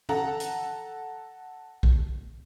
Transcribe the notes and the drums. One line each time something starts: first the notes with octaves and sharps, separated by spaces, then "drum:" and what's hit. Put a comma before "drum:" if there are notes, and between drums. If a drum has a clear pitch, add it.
A4 F#5 A#5, drum: tom
drum: hi-hat
drum: kick B1